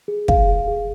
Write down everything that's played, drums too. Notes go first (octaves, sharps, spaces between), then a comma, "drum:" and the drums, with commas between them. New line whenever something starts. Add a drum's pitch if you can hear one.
G#4
F5, drum: kick
G#4
G#4